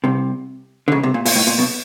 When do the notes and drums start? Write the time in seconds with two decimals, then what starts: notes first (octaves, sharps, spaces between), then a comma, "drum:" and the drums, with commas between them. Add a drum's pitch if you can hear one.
0.04 C2 C3
0.88 D3
0.92 C#2 C#3
1.03 C2 C3
1.14 A#2
1.25 A#2, drum: open hi-hat
1.36 A2
1.47 A#2
1.58 B1 B2